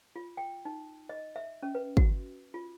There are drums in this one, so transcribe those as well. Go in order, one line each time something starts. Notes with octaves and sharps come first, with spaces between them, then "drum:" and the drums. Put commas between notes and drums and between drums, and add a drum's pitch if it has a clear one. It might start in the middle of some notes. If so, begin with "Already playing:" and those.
F4
G5
D#4
D#5
E5
C#4
B4
F#4, drum: kick
F4